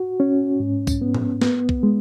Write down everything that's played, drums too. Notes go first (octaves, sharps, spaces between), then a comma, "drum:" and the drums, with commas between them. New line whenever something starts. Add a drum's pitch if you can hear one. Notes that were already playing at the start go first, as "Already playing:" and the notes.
Already playing: F#4
C#4
G#2
drum: kick B1, tambourine
B3
drum: tom A2
B3, drum: snare
drum: kick B1
G#3